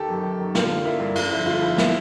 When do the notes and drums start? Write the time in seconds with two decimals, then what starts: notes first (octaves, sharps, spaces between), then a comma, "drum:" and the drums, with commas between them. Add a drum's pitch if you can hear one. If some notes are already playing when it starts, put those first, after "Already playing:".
Already playing: D#3 G4 A4
0.09 F#2
0.23 D#3
0.39 F#2
0.55 D3 F4, drum: snare
0.70 A#3
0.85 A#3 E4
1.00 G2
1.15 D3 F4, drum: cymbal
1.31 F3 E4
1.46 G1 F4
1.62 F3 E4
1.78 F3 E4, drum: snare